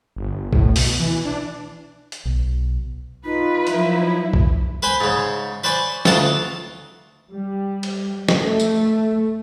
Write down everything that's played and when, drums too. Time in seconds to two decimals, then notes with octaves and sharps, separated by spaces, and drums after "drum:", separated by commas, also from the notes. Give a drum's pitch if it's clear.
0.16 G1
0.53 A2, drum: kick B1
0.76 B2, drum: open hi-hat
1.00 E3
1.25 D4
2.12 drum: hi-hat
2.25 B1
3.25 D#4 F4 B4
3.67 F3 F#3 E4, drum: hi-hat
4.33 drum: kick B1
4.83 B4 C5 G#5 B5 C6
5.01 G#2 C#3
5.64 B4 C5 D5 G#5 B5 C#6
6.05 D2 F4 F5 F#5 A5 C6, drum: snare
7.30 G3
7.83 drum: cymbal
8.29 drum: snare
8.41 A3
8.60 drum: tambourine